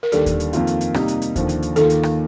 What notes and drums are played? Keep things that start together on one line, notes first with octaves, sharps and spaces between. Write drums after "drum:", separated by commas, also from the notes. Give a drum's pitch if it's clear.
A#4
D#2 D3 G3 D4 A4, drum: hi-hat
drum: kick D#2, hi-hat
drum: hi-hat
F2 D#3 A#3 F4, drum: hi-hat
drum: hi-hat
drum: hi-hat
C3 G3 A#3 D#4, drum: rim click
drum: hi-hat
drum: hi-hat
D#2 D3 F3, drum: kick D#2, hi-hat
drum: hi-hat
drum: hi-hat
D#2 D#3 A#3 F4 A4, drum: hi-hat
drum: hi-hat
drum: rim click